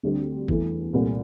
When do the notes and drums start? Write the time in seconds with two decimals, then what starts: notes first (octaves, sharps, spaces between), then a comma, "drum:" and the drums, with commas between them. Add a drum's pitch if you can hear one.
0.03 D2 D3 G3 C4
0.48 E2 E3 A3, drum: kick G#1
0.93 C2 A#2 A3 C4